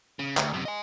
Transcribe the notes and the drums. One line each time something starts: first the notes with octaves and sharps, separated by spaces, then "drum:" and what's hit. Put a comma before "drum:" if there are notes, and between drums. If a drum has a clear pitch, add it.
C#3
D2, drum: clap
F#2 C3
D#5 G#5